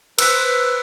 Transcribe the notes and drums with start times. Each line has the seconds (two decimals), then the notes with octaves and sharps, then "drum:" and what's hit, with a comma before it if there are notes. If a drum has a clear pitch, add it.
0.19 B4 C5 E6 F#6 B6, drum: cymbal